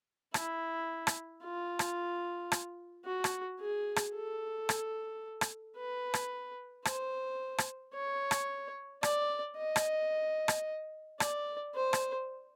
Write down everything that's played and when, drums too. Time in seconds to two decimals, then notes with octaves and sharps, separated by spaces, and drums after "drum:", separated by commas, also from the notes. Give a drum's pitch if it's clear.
0.34 E4, drum: rim click
1.07 drum: rim click
1.43 F4
1.79 drum: rim click
2.52 drum: rim click
3.05 F#4
3.24 drum: rim click
3.60 G#4
3.96 drum: rim click
4.15 A4
4.69 drum: rim click
5.41 drum: rim click
5.77 B4
6.14 drum: rim click
6.85 C5, drum: rim click
7.58 drum: rim click
7.95 C#5
8.31 drum: rim click
9.03 D5, drum: rim click
9.57 D#5
9.76 drum: rim click
10.48 drum: rim click
11.20 D5, drum: rim click
11.75 C5
11.93 drum: rim click